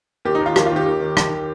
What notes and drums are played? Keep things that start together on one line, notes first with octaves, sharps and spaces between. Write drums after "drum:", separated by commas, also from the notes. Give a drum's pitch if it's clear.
D#2 G4
D#4
D#3
F4
D#2, drum: rim click
F4
D#3
G4
D#2
D#3
drum: rim click